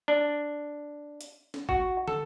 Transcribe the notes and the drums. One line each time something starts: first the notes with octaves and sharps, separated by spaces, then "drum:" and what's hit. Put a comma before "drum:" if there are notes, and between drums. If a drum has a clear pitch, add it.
D4
drum: hi-hat
drum: snare
F#4, drum: kick A1
A4, drum: tom